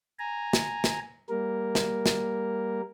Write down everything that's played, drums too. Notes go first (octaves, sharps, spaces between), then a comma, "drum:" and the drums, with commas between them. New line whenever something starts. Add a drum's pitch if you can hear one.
G#5 A#5
drum: snare
drum: snare
G3 A#3 A#4
drum: snare
drum: snare